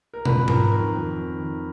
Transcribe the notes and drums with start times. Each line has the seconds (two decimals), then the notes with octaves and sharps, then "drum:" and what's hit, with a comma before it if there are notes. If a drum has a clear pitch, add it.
0.13 A#4
0.25 F2 B4, drum: tom
0.48 F2 A#4, drum: tom G#2
0.71 D#3 A#4
0.94 F2
1.17 D#3
1.40 D#3